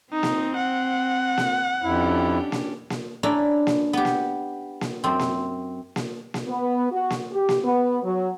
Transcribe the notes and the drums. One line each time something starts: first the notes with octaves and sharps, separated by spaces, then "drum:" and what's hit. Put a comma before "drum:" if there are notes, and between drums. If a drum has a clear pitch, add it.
C4 D#4
drum: snare A#3
F#5
drum: snare A#3
F2 C#4 D4 E4 G4
drum: snare A#3
drum: snare A#3
C#4 D4 E4 A#4 A#5
drum: snare A#3
B3 G4
drum: snare A#3
drum: snare A#3
F#2 C4
drum: snare A#3
drum: snare A#3
drum: snare A#3
B3
F#4
drum: snare A#3
G4
drum: snare A#3
B3
F#3